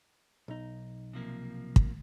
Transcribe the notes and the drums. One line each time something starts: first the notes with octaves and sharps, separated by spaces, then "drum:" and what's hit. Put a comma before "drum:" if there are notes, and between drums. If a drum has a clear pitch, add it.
B1 D#4
C3 F3 A#3
drum: kick